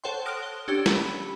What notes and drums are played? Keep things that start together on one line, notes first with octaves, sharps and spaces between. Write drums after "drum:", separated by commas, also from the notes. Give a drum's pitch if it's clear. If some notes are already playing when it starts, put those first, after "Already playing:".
A4 C5 C#5 F#5 G5 C6
D#6 F6 F#6 A#6 D7
G7
C#4 D4 G4 E6
drum: snare
B5